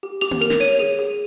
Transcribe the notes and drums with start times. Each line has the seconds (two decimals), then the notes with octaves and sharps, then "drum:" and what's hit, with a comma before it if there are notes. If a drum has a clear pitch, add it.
0.03 G4
0.21 G4 F7
0.31 drum: tom A#3
0.41 A#4 F7
0.50 drum: snare
0.60 C#5 D#7
0.79 G#4 F7
0.99 G#4